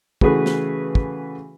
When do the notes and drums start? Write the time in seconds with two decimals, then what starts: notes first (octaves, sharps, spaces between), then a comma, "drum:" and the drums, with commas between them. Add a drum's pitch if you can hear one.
0.21 C#3 E3 A3 F#4 G#4 B4, drum: kick
0.46 drum: snare
0.95 drum: kick